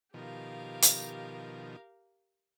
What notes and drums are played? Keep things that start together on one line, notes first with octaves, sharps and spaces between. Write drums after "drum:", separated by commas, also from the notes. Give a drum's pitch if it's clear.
B2 D#3 F3 G4 A#4 F5
drum: hi-hat